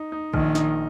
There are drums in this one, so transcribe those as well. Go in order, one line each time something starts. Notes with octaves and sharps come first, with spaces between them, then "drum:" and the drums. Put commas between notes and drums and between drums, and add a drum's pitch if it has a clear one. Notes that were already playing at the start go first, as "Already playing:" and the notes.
Already playing: D#4
D#4
A#1 D#3, drum: kick
D#4, drum: snare